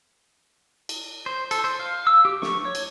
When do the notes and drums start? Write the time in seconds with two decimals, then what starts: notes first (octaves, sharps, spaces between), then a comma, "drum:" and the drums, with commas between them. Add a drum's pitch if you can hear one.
0.89 drum: cymbal
1.26 C5
1.51 A4, drum: cymbal
1.64 C5
1.79 F5
2.07 E6
2.25 G4
2.42 C#6, drum: snare
2.65 C#5
2.75 drum: cymbal